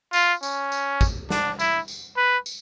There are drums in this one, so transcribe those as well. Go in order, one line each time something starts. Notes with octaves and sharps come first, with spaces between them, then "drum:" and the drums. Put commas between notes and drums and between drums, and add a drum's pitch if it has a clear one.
F4, drum: tambourine
C#4, drum: tambourine
drum: tambourine
drum: kick, tambourine
D4, drum: snare
E4, drum: tambourine
drum: tambourine
B4
drum: tambourine